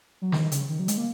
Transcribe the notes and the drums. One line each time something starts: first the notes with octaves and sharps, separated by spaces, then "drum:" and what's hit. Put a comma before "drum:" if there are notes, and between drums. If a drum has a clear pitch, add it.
F#3
D#3, drum: snare
C#3, drum: hi-hat
D#3
F#3
G#3, drum: hi-hat
A#3